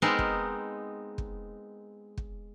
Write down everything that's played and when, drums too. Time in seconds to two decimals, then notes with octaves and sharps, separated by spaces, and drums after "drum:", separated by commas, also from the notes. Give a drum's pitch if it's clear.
0.02 G#3 B3 C4 D#4 A#4
0.19 drum: kick
1.18 drum: kick
2.17 drum: kick